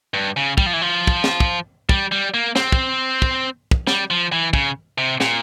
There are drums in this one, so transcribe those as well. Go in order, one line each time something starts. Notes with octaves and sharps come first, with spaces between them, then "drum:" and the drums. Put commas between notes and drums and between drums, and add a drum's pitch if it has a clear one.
G2
C#3
G3, drum: kick
F3
E3
F3
drum: kick
drum: snare
drum: kick
G3, drum: kick
G3
A#3
C4, drum: snare
drum: kick
drum: kick
drum: kick
G3, drum: snare
F3
E3
C#3, drum: kick
C3
A#2, drum: snare